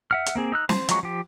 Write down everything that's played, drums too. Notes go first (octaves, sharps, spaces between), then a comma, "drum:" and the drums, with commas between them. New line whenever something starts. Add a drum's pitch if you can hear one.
E5 F#5 F6
drum: hi-hat
A#3 C4 G#4
D#4 E6 F#6
C5, drum: snare
F3 F#3 G#3 A#5 C#6, drum: hi-hat
F3 G4